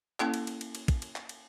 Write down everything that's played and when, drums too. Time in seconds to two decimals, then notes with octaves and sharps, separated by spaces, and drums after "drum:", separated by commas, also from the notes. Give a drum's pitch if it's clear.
0.20 A#3 C#4 E4 A4 G5, drum: clap
0.34 drum: cymbal
0.47 drum: cymbal
0.61 drum: cymbal
0.75 drum: cymbal
0.88 drum: kick, cymbal
1.02 drum: cymbal
1.16 drum: clap
1.29 drum: cymbal